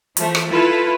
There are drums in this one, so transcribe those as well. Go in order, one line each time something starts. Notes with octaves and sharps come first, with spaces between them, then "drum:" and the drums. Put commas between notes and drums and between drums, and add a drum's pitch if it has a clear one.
E3 F3 A3, drum: hi-hat
drum: rim click
E4 F4 A4 B4